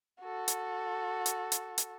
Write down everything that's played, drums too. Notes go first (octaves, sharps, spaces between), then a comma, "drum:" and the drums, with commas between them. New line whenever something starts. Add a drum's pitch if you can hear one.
F#4 A4
drum: hi-hat
drum: hi-hat
drum: hi-hat
drum: hi-hat